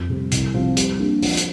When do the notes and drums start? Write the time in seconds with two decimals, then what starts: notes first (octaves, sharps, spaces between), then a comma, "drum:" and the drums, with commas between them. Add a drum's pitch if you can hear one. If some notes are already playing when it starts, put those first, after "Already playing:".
Already playing: F2
0.09 C3 G3 C4
0.32 C2, drum: hi-hat
0.54 C3 F3 C4 F4
0.77 G3, drum: hi-hat
0.99 A#3 D4 G4
1.22 F3, drum: open hi-hat
1.37 drum: hi-hat